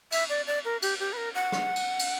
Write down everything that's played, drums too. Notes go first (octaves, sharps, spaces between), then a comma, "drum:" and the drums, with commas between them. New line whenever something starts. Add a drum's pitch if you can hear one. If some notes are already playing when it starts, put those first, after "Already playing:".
E5, drum: cymbal
D5
D5
A#4
G4, drum: cymbal
G4
B4
A#4
F#5
drum: rim click
drum: cymbal
drum: cymbal